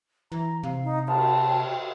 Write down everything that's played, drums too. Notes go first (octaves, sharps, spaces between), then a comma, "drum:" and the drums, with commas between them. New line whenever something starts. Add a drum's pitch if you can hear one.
E3 A#5
C3 F5
D#4
G5 A5, drum: cymbal